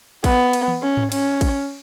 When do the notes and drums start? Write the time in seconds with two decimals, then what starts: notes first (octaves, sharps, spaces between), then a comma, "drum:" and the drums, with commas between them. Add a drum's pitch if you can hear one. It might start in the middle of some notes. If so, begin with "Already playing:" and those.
0.24 B3, drum: kick, cymbal
0.53 drum: cymbal
0.68 drum: tom E3
0.82 C#4
0.97 drum: tom G#2
1.12 C#4, drum: cymbal
1.41 drum: kick, cymbal